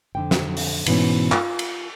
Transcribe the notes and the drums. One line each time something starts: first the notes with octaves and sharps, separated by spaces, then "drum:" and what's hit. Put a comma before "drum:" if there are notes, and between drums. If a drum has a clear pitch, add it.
F2 D3 G5
drum: snare
drum: open hi-hat
G#2 B2 E3 B3 C#4, drum: cymbal
F4, drum: clap
drum: cymbal